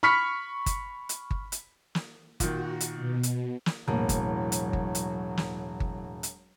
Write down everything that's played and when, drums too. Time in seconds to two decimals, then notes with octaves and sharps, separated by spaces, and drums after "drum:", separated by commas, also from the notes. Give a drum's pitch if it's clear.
0.03 B5 C#6 F6 B6 C#7
0.66 drum: kick G1, hi-hat
1.09 drum: hi-hat
1.31 drum: kick G1
1.52 drum: hi-hat
1.95 drum: snare
2.40 A#2 D#3 F#4, drum: kick G1, hi-hat
2.80 drum: hi-hat
2.94 B2
3.23 drum: hi-hat
3.66 drum: snare
3.88 E1 A2 F#3 A#3
4.09 drum: kick G1, hi-hat
4.52 drum: hi-hat
4.73 drum: kick G1
4.95 drum: hi-hat
5.37 drum: snare
5.80 drum: kick G1
6.23 drum: hi-hat